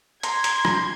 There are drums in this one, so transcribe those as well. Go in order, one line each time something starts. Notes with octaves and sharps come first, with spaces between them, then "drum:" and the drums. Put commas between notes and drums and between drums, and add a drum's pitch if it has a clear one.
A#5 C6 G#6, drum: hi-hat
drum: hi-hat
drum: rim click